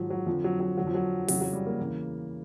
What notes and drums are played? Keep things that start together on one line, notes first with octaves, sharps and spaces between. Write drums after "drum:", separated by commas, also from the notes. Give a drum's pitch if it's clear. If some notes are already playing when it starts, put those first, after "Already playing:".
Already playing: G#2 D#3 F3 F#3
F#3
F2 D3 F3
F#3
F#3
F2 D3 F#3
F3
F#3
F2 C#3 E3 F#3, drum: open hi-hat
F#3
G3
A#3
E2 C#3 E3